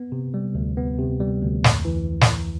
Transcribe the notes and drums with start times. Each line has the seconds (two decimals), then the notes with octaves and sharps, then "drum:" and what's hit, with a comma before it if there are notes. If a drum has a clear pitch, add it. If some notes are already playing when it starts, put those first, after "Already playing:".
Already playing: B3
0.12 C3
0.34 G3
0.55 D2
0.77 B3
0.98 C3
1.20 G3
1.42 D2
1.64 F2, drum: snare
1.85 E3
2.21 drum: snare